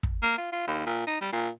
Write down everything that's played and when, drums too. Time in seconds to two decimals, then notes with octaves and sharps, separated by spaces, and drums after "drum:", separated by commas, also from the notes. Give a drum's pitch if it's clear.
0.03 drum: kick
0.22 A#3
0.38 F4
0.52 F4
0.67 D#2
0.86 A#2
1.07 D#4
1.21 G3
1.32 A#2